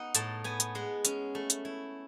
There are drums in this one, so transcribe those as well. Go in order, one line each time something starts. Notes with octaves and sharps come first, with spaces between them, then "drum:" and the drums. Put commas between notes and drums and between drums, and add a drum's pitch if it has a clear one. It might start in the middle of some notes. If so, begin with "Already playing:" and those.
Already playing: B3 D#4 F#5
A2 A5, drum: hi-hat
B3 G#5
drum: hi-hat
G#3 F#5
C#4, drum: hi-hat
A3
drum: hi-hat
E4